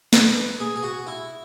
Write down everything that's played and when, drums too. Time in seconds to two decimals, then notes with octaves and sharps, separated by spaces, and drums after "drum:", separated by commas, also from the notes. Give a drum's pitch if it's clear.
0.13 B4, drum: snare
0.60 G#4
0.76 G#4
0.83 F#4
1.07 E4